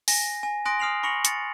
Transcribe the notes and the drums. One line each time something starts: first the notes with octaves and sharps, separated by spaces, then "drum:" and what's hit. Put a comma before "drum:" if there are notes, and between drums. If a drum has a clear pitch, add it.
G#5 A#6, drum: open hi-hat
G#5
G#5 C6 D#6 F#6 A#6 D7
D#6 F6 C7 F7 F#7
B5 C#6 A#6 C#7 F7 F#7
A6 C#7, drum: hi-hat